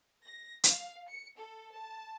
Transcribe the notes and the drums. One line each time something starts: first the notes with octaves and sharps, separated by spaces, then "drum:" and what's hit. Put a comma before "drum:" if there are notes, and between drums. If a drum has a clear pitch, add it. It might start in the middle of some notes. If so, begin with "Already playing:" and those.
A#6
F5, drum: hi-hat
C#7
A4
A5